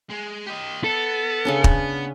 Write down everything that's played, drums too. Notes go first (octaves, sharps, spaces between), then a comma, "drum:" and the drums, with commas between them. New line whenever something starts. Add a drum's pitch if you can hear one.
G#3
G4 D#5
B3 A4
C#3 C#4 D4
drum: kick